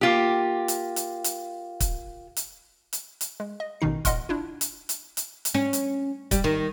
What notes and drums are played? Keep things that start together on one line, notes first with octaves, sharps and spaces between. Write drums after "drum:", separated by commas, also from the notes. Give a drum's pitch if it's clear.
A#3 F4 G4
drum: hi-hat
drum: hi-hat
drum: hi-hat
drum: kick, hi-hat
drum: hi-hat
drum: hi-hat
drum: hi-hat
G#3
D#5
A1 B2 D#3 D#4 C7
A#2 D#5 F#5 C6 F6, drum: kick, hi-hat
D4 E4 F4
drum: hi-hat
drum: hi-hat
drum: hi-hat
drum: hi-hat
C#4
drum: hi-hat
G3, drum: kick, hi-hat
D#3